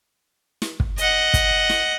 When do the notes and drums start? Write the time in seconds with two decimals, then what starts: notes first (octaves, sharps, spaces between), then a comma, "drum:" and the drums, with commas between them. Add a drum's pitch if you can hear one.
0.62 drum: snare
0.80 drum: kick
0.98 D#5 F#5, drum: hi-hat
1.34 drum: kick, hi-hat
1.69 drum: snare